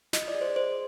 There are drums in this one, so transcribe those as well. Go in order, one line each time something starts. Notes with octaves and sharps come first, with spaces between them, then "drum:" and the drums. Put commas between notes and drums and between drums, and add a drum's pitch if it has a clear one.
F4 D#5, drum: snare
D5
G#4
C5
G#4 C5